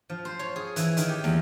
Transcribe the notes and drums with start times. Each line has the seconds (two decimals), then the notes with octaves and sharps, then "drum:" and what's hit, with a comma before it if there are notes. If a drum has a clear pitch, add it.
0.09 F3
0.25 C5
0.39 C#5
0.56 G#4
0.76 E3, drum: hi-hat
0.97 D#3, drum: hi-hat
1.09 G4
1.24 E2, drum: snare